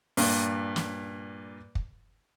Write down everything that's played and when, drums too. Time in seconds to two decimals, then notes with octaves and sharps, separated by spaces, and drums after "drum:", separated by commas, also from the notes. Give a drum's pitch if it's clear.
0.17 G2 A#2, drum: open hi-hat
0.76 drum: snare
1.75 drum: kick